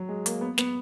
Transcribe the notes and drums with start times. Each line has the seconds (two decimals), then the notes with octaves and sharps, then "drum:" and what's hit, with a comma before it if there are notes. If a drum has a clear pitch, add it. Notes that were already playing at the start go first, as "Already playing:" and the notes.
Already playing: F#3
0.09 G#3
0.26 A#3, drum: hi-hat
0.41 B3
0.58 B3, drum: snare